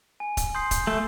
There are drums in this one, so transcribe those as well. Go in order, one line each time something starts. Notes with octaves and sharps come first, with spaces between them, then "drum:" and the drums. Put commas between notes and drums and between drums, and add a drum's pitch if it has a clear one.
G#5
drum: kick D#1, hi-hat
C6 D#6 G6 C7
drum: kick D#1, hi-hat
A3 G6